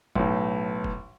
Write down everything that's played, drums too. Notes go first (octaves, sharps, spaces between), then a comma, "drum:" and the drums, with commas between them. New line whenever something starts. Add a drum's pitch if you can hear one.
B1 A2, drum: kick
drum: kick